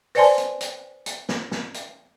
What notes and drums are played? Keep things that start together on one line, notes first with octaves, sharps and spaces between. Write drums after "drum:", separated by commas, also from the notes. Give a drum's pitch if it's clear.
B4 C5 D5 G#5 A5 C6, drum: open hi-hat
drum: hi-hat
drum: hi-hat
drum: hi-hat
drum: snare
drum: snare
drum: hi-hat